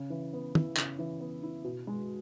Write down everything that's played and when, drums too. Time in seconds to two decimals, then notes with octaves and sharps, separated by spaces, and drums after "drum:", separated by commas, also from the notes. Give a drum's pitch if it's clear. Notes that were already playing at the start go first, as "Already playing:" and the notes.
Already playing: C#3
0.10 E3
0.33 B3
0.55 E4, drum: tom
0.77 C#3, drum: clap
0.99 E3
1.21 B3
1.43 E4
1.64 B2
1.87 G#3